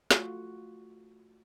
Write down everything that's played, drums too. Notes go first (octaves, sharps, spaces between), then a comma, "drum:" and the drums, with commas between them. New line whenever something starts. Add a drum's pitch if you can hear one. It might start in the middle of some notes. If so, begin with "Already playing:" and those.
A3 F4 F#4, drum: snare